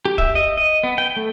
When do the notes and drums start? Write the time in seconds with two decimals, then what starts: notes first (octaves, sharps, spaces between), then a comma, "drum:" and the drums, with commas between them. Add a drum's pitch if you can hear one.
0.05 G4
0.18 E5, drum: kick
0.35 D#5
0.57 D#5
0.83 B3
0.98 G5
1.16 A3